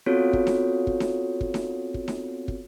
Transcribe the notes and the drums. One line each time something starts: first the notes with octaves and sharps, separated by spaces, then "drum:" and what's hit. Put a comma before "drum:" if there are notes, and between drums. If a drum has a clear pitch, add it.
B3 C4 F4 F#4 A4 C#5
drum: kick
drum: snare D#4
drum: kick
drum: snare D#4
drum: kick
drum: snare D#4
drum: kick
drum: snare D#4
drum: kick